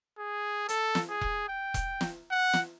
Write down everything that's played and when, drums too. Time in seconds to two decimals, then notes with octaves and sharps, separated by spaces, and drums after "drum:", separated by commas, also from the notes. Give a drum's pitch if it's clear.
0.18 G#4
0.69 A4, drum: hi-hat
0.95 drum: snare
1.10 G#4
1.21 drum: kick E1
1.49 G5
1.74 drum: kick E1, hi-hat
2.01 drum: snare
2.31 F#5
2.53 drum: snare